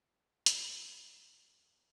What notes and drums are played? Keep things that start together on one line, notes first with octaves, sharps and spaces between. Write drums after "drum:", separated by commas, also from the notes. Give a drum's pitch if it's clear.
F5 F#5 A#5 D#6 F6, drum: hi-hat